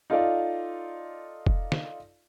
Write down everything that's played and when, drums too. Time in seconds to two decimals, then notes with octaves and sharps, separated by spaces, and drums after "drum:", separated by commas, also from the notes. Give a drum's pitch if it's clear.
0.10 D#4 F4 A4 D5 F5
1.46 drum: kick F1
1.72 drum: snare